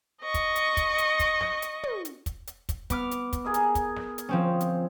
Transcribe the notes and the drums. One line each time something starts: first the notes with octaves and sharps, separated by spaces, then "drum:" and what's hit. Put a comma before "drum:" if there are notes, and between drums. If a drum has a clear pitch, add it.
D#5 C#6
drum: kick, hi-hat
drum: hi-hat
drum: kick, hi-hat
drum: hi-hat
drum: kick, hi-hat
drum: snare
drum: hi-hat
drum: tom
drum: hi-hat
drum: kick, hi-hat
drum: hi-hat
drum: kick, hi-hat
B3 D6 F6, drum: kick, hi-hat
drum: hi-hat
drum: kick, hi-hat
G#4 A#4 D#5
drum: hi-hat
drum: kick, hi-hat
drum: snare
drum: hi-hat
F3 C4 C#4
drum: hi-hat